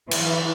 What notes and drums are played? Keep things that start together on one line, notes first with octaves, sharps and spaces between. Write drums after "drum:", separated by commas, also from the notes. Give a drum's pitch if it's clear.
E3, drum: cymbal